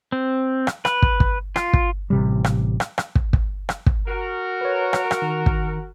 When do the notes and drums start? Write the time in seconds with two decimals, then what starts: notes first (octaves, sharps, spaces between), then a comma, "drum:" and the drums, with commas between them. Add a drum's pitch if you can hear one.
0.12 C4
0.67 drum: rim click
0.85 B4, drum: rim click
1.02 drum: kick
1.20 drum: kick
1.56 F4, drum: rim click
1.73 drum: kick
2.10 A1 C3 G3
2.44 drum: rim click
2.80 drum: rim click
2.98 drum: rim click
3.15 drum: kick
3.33 drum: kick
3.69 drum: rim click
3.86 drum: kick
4.08 F#4 A#4
4.61 B4 C#5
4.93 drum: rim click
5.11 drum: rim click
5.22 D#3
5.46 drum: kick